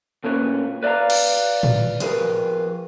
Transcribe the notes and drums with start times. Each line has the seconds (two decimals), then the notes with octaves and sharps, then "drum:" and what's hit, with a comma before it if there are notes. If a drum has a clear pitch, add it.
0.24 D2 A#2 C#4 B4
0.83 B4 D5 D#5 F5 A#5
1.10 drum: cymbal
1.63 drum: tom A2
2.00 F3 G#4 A#4 B4, drum: hi-hat